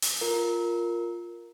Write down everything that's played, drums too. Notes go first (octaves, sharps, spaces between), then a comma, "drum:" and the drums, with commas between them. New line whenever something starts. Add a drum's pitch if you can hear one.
drum: open hi-hat
F4 A#4